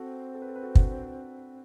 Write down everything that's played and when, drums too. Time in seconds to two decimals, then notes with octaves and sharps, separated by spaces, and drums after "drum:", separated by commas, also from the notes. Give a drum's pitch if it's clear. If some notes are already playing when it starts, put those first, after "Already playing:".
Already playing: C4 F#4 A4
0.35 A4
0.42 B4
0.48 A4
0.56 B4
0.63 F#4 A4
0.75 D4 F#4, drum: kick